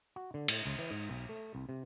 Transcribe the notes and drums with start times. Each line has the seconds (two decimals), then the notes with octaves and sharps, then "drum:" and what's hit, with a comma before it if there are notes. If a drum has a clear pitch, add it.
0.16 F#4
0.34 D3
0.48 A2, drum: cymbal
0.66 C#2
0.78 E3
0.91 G#2
1.09 B1
1.29 A3
1.55 C2
1.69 C3